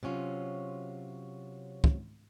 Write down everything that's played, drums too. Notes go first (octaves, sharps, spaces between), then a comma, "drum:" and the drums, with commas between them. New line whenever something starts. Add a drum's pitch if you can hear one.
C3 F#3 C#4 F4
drum: kick